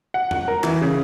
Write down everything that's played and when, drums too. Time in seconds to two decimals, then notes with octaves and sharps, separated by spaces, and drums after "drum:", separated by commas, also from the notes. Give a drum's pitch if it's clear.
0.14 F#5
0.31 F#5, drum: tom E2
0.48 A#4
0.63 E3, drum: clap
0.81 C#3